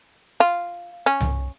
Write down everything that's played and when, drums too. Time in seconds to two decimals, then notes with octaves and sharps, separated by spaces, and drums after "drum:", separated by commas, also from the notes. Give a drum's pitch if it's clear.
0.40 F4
1.06 C#4
1.20 drum: tom C2